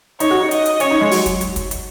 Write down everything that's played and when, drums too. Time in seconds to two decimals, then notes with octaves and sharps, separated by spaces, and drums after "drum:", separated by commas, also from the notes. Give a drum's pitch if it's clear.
0.20 D#4 C#5, drum: hi-hat
0.31 F#4
0.40 D#4
0.51 D#5, drum: hi-hat
0.66 drum: hi-hat
0.80 C#4 C#5, drum: hi-hat
0.91 D#4
1.01 G#3
1.11 F#3, drum: open hi-hat
1.26 drum: kick, hi-hat
1.41 drum: hi-hat
1.56 drum: kick, hi-hat
1.71 drum: hi-hat